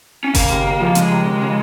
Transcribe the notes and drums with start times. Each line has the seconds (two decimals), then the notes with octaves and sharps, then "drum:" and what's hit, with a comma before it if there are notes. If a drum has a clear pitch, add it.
0.24 C#4
0.35 C#3 A#3, drum: kick G1, open hi-hat
0.50 D#2
0.65 C#3
0.80 F3 A#3
0.95 C#3 G#3, drum: hi-hat
1.10 D#2
1.26 C#3
1.41 C#3